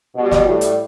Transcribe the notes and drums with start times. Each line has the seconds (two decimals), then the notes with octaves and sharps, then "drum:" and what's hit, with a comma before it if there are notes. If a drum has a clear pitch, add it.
0.16 B2 G3
0.31 drum: snare
0.47 A2 G3
0.61 drum: hi-hat